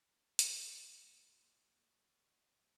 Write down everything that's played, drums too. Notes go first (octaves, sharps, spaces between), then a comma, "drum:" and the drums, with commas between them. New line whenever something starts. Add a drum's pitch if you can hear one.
A#2 F3 A#5
A#2 F3, drum: hi-hat
C6
A#2 F#3
A#2 F#3
A#2 F#3 C6
C#6
D#6
A#2 F#3 D#6
C#6
C3 D#3 F#3 C#6
C#6
C3 D#3 F#3 D#5
A#2 F3